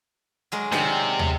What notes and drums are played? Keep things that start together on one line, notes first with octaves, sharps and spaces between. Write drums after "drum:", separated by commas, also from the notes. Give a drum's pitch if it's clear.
F#3 G#3 A#4
C3 D#3 D5, drum: snare
drum: tom